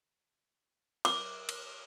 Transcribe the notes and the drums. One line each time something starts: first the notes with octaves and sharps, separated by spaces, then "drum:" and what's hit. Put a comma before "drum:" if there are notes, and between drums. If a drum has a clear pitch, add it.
D6, drum: cymbal
drum: cymbal